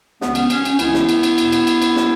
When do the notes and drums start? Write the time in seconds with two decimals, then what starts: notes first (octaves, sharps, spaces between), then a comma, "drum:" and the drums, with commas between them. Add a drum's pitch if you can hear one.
0.21 C#2 C#3 E3 B3, drum: snare
0.35 C#4, drum: cymbal
0.50 C#4, drum: cymbal
0.65 C#4, drum: cymbal
0.79 C#2 C#3 E3 B3 E4, drum: cymbal
0.94 drum: snare
1.09 drum: cymbal
1.23 drum: cymbal
1.38 E2 B2, drum: cymbal
1.52 drum: cymbal
1.67 drum: cymbal
1.82 drum: cymbal
1.96 drum: snare